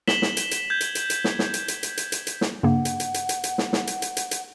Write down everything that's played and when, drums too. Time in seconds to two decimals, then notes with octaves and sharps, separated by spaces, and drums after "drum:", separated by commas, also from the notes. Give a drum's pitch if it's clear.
0.08 B6 E7 F#7 G7, drum: snare
0.22 drum: snare
0.37 drum: hi-hat
0.51 drum: hi-hat
0.70 G6 G#6
0.81 drum: hi-hat
0.95 drum: hi-hat
1.10 drum: hi-hat
1.24 drum: snare
1.39 drum: snare
1.54 drum: hi-hat
1.68 drum: hi-hat
1.83 drum: hi-hat
1.97 drum: hi-hat
2.12 drum: hi-hat
2.27 drum: hi-hat
2.41 drum: snare
2.63 G2 C#3 A#3 F#5
2.85 drum: hi-hat
3.00 drum: hi-hat
3.14 drum: hi-hat
3.29 drum: hi-hat
3.44 drum: hi-hat
3.58 drum: snare
3.73 drum: snare
3.87 drum: hi-hat
4.02 drum: hi-hat
4.17 drum: hi-hat
4.31 drum: hi-hat